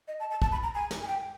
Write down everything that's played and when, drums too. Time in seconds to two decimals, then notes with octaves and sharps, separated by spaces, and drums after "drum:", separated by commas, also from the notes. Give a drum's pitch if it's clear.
0.08 D#5
0.20 A5
0.31 A5
0.42 A5, drum: kick
0.52 B5
0.63 A#5
0.75 G#5
0.91 drum: snare
1.02 G#5
1.08 G5